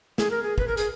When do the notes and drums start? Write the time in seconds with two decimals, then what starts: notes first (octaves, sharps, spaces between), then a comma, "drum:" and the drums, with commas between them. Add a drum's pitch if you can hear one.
0.18 G#4, drum: snare
0.31 A#4
0.43 G#4
0.58 B4, drum: kick
0.68 A#4
0.77 G#4, drum: hi-hat